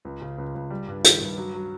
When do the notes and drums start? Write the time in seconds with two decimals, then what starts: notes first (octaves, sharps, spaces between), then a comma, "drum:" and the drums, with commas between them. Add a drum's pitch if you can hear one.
0.05 C#2
0.22 C#3
0.38 C#2
0.55 C#2
0.70 G3
0.88 G2
1.04 D#3, drum: hi-hat
1.20 G2
1.38 F#3
1.54 F#3